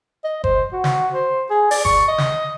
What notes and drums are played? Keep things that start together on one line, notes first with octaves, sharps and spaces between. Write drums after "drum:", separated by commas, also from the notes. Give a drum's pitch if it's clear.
D#5
C5, drum: kick G1
F#4
drum: snare
C5
G#4
D5, drum: open hi-hat
C#6, drum: kick G1
D#5
drum: snare